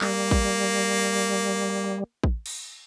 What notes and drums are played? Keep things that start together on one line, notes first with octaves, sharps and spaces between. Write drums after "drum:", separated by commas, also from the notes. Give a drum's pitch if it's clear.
G3 A#3, drum: clap
drum: kick
drum: kick
drum: cymbal